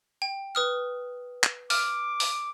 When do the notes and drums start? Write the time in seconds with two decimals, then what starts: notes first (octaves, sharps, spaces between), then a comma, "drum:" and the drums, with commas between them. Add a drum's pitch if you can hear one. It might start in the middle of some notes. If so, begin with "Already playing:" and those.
0.22 G5
0.55 B4 D#6 F6
1.44 drum: clap
1.70 D6 F6, drum: open hi-hat
2.20 drum: open hi-hat